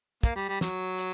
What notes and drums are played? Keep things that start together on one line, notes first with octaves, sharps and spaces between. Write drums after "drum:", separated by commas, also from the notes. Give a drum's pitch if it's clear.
A#3, drum: kick, hi-hat
G3
G3
F#3, drum: snare
drum: hi-hat